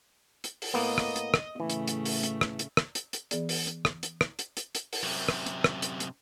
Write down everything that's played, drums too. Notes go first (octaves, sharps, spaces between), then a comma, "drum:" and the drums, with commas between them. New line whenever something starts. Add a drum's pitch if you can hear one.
drum: hi-hat
drum: open hi-hat
A2 A#3 B3 D#5
drum: rim click
drum: hi-hat
drum: rim click
A2 C#3 E3 A3
drum: hi-hat
drum: hi-hat
drum: open hi-hat
drum: hi-hat
drum: rim click
drum: hi-hat
drum: rim click
drum: hi-hat
drum: hi-hat
E3 B3 G#4 D5, drum: hi-hat
drum: open hi-hat
drum: hi-hat
drum: rim click
drum: hi-hat
drum: rim click
drum: hi-hat
drum: hi-hat
drum: hi-hat
drum: open hi-hat
F#2 C3
drum: rim click
drum: hi-hat
drum: rim click
drum: hi-hat
drum: hi-hat